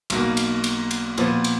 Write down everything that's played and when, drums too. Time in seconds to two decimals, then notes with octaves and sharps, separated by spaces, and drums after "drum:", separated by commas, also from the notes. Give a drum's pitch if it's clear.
0.10 B1 B2 A#3, drum: cymbal
0.37 drum: cymbal
0.64 drum: cymbal
0.91 drum: cymbal
1.18 A#2 F3 B3, drum: cymbal
1.44 drum: cymbal